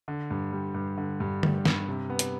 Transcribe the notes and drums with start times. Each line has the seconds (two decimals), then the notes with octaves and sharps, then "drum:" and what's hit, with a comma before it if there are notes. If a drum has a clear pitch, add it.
0.08 D3
0.31 G2
0.52 G3
0.74 G2
0.97 D3
1.20 G2
1.43 G3, drum: tom D3
1.65 G2, drum: snare
1.88 C3
2.10 B3
2.19 drum: hi-hat